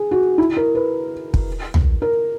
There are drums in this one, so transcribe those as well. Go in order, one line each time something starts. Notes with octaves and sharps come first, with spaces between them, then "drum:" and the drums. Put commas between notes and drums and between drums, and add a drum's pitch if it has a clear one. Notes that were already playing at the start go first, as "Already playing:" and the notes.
Already playing: G#4
F#4
E4
A#4
B4
drum: kick
drum: tom
A#4